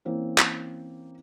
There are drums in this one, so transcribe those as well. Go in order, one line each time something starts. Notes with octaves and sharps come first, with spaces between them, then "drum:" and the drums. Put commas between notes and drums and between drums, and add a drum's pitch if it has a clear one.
E3 A#3 C4 C#4 E4
drum: clap